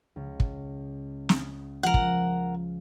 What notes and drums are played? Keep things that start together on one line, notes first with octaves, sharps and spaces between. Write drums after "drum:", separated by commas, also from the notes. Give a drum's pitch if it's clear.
C#2
drum: kick
drum: snare
F3 G#3 F4 A#4 F#5
drum: kick